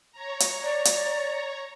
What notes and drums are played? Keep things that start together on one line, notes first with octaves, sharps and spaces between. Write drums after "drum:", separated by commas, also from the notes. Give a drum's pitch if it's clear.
C#5 A#5
drum: hi-hat
D5
drum: hi-hat